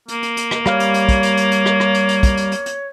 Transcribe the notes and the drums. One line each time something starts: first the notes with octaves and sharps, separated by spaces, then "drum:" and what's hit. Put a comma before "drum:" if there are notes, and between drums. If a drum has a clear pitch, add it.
A#3, drum: hi-hat
drum: hi-hat
drum: hi-hat
drum: rim click
G3 C#5 F5 F6, drum: rim click
drum: hi-hat
drum: hi-hat
drum: kick, hi-hat
drum: hi-hat
drum: hi-hat
drum: hi-hat
drum: rim click
drum: rim click
drum: hi-hat
drum: hi-hat
drum: kick, hi-hat
drum: hi-hat
drum: hi-hat
drum: hi-hat